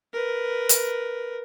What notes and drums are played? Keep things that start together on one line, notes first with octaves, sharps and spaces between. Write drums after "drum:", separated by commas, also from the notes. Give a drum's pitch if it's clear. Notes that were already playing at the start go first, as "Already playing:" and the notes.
A#4 B4
drum: hi-hat